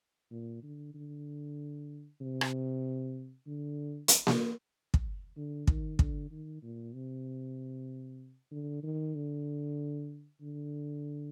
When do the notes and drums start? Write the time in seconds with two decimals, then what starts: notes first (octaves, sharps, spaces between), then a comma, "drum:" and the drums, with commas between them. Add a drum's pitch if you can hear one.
0.31 A#2
0.63 D3
0.94 D3
2.21 C3
2.41 drum: rim click
3.47 D3
4.08 drum: hi-hat
4.27 drum: snare A#3
4.94 drum: kick
5.37 D3
5.67 D#3, drum: kick
5.99 D3, drum: kick
6.31 D#3
6.63 A#2
6.94 C3
8.51 D3
8.83 D#3
9.15 D3
10.42 D3